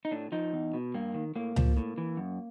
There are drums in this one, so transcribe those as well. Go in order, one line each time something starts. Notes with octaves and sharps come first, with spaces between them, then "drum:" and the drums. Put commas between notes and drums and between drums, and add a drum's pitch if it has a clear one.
D#4
A2 D4
F3 D#4
E2
B2
G2 A#3
D#3
A2 A#3
F3, drum: tom C#2
A2
E3
F#2